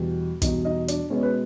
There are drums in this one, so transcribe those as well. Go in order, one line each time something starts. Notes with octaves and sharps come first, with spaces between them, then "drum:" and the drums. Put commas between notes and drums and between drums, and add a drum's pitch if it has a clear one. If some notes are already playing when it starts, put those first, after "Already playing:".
Already playing: E2 B2 G3
E2 B2 G3 D#4 D#5, drum: kick, hi-hat
D#4 D#5
D4 D5, drum: hi-hat
B2 G#3 B3 C#4 C#5
B4